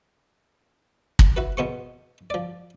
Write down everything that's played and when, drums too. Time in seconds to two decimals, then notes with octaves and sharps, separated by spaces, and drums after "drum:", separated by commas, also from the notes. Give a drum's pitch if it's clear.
1.19 drum: kick
1.36 E4 F#4 B4
1.57 E2 B2 C5 C#6
2.30 F3 D5